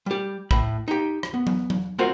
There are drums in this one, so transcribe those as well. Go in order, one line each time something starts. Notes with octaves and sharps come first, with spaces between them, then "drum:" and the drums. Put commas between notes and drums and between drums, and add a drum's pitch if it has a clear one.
G3 G4
A2 B5, drum: kick
D#4 G4
drum: rim click
B3
drum: tom F#3
drum: tom F#3
A3 C4 F4 F#4 A#4 C5